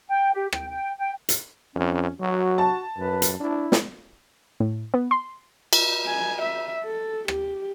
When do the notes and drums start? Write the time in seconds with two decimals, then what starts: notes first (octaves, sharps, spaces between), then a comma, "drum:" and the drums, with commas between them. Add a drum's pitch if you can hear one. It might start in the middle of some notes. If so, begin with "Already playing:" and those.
0.08 G5
0.33 G4
0.53 G5, drum: rim click
0.70 G5
0.98 G5
1.29 drum: hi-hat
1.76 F2 C#4
2.20 F#3 F#4
2.58 A5
2.98 F#2 B4
3.22 drum: hi-hat
3.40 D4 E4
3.72 drum: snare
4.60 A2
4.94 B3
5.11 C6
5.73 drum: cymbal
6.06 G#5
6.42 E5
6.84 A4
7.28 G4, drum: rim click